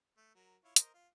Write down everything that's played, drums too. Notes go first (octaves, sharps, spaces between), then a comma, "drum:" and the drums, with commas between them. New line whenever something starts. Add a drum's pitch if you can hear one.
A3
F#3 A#4
E4 F4 C#5
A#4 C5 D#5, drum: hi-hat
F4